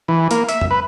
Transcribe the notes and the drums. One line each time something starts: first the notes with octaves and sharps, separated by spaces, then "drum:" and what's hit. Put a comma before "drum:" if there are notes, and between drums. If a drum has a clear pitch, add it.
E3
A#3, drum: hi-hat
E5, drum: hi-hat
drum: tom F2
B4